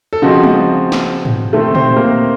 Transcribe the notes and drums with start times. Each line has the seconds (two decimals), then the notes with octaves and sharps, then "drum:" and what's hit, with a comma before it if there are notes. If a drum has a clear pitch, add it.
0.13 A4
0.22 C#3 F3 C4 D#4 F#4
0.43 drum: tom G3
0.92 drum: snare
1.25 drum: tom
1.53 C3 D#3 A3 C4 A4
1.75 C4 C5, drum: tom
1.96 A#3 A#4